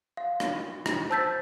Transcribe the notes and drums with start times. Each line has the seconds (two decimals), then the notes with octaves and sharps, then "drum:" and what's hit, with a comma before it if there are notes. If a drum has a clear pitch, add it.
0.17 F5
0.40 drum: rim click
0.86 drum: rim click
1.10 C5 A5 E6 G6 A6 B6